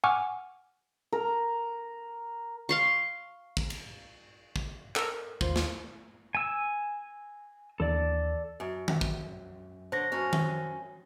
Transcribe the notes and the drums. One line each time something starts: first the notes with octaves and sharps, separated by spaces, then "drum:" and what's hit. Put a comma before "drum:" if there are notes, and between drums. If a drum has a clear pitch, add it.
F#5 G#5 C#6 D6 E6 F6
A#4
F5 C6 C#6
drum: kick
drum: cymbal
drum: kick
A4 A#4 E6, drum: clap
D#2 F4 C5, drum: kick
drum: snare
G#5 E6
D#2 E3 D4 A4 D5
F#2
drum: tom D#3
drum: kick
D3 C5 C#5 A#6
F#2 C#4
drum: tom D#3